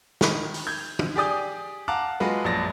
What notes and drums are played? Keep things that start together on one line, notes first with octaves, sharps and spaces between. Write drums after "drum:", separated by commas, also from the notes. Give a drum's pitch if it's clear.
D#3 B5, drum: snare
drum: open hi-hat
G6 G#6
drum: tom
G4 G#4 D5 D#6 G6
F5 F#5 A5 A#5 D6 F#6
G#3 F4 F#4 B4
A#1 F#2 A5 A6 A#6